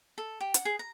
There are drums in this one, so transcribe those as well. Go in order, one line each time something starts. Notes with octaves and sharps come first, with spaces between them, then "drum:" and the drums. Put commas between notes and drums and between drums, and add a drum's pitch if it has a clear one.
A4
G4
F#5, drum: hi-hat
G#4
A#5